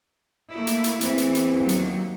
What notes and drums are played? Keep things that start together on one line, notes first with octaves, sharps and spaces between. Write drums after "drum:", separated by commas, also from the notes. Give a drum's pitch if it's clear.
A3 A#3 E4
drum: hi-hat
drum: hi-hat
E2 E3 C4, drum: hi-hat
drum: hi-hat
drum: hi-hat
D#2 F#3
drum: hi-hat